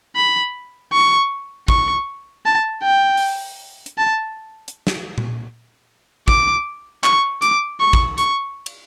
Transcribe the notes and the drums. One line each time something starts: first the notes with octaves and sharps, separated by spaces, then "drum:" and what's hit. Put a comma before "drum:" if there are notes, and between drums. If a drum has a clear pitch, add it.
B5
C#6
C#6, drum: kick
A5
G5
drum: open hi-hat
drum: hi-hat
A5
drum: hi-hat
drum: snare
drum: tom A#2
D6, drum: kick
C#6, drum: clap
D6, drum: hi-hat
C#6
drum: kick
C#6, drum: hi-hat
drum: cymbal